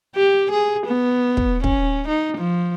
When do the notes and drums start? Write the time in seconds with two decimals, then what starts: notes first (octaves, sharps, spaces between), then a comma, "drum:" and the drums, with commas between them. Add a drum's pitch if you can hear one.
0.16 G4
0.51 G#4
0.87 B3
1.37 drum: kick
1.64 C#4, drum: kick
2.08 D#4
2.37 F3